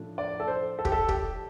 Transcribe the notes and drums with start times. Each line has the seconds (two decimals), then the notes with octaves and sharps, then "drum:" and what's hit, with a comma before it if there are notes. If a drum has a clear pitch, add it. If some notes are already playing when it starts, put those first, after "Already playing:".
Already playing: A2 F3 A3 D4
0.18 D5
0.40 A4
0.48 C5
0.79 A4
0.85 G4, drum: kick
0.92 A4
1.09 G4, drum: kick